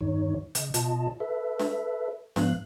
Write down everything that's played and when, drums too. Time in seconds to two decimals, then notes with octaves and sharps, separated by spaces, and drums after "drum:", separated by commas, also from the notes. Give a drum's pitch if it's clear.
0.01 E2 G2 D#3 D#4 C#5
0.55 C#3 D#5, drum: hi-hat
0.74 B2 F4 D#5 A5, drum: hi-hat
1.20 A4 B4 E5
1.59 drum: snare
2.36 G#2 F3 B3 F5 F#6, drum: snare